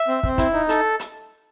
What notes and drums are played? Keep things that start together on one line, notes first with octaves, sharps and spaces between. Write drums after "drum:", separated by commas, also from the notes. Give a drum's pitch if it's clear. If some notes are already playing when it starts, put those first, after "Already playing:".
Already playing: E5
C4
C4, drum: kick
E4, drum: kick, hi-hat
D#4
A4, drum: hi-hat
drum: hi-hat